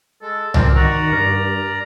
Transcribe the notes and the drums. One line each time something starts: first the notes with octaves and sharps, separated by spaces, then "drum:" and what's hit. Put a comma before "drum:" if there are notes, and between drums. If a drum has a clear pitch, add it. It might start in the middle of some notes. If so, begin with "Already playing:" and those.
G#3 A4
C4 A#4 D5, drum: tom C2
D#3 F#4 D5 A#5
G2 A#4